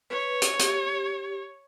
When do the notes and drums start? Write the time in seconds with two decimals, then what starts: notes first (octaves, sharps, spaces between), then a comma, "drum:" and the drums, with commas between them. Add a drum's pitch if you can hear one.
0.10 B4 C#5
0.42 drum: hi-hat
0.59 G4, drum: hi-hat